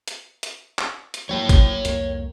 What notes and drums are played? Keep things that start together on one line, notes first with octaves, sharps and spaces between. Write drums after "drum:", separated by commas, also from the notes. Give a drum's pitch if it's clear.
drum: hi-hat
drum: hi-hat
drum: clap
drum: hi-hat
F3 F#3 A#3 C#5 G5
drum: kick G#1, hi-hat
C2 F2 A#3, drum: hi-hat